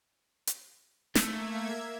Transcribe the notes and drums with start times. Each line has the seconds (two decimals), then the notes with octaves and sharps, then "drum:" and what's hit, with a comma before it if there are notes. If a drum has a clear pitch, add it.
0.47 drum: hi-hat
1.15 A3 A#3 E5 G#6, drum: snare